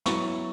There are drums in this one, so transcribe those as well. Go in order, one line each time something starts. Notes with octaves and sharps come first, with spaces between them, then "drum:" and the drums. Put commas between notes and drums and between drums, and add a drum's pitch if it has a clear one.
F#3 B3 E4 C#6, drum: snare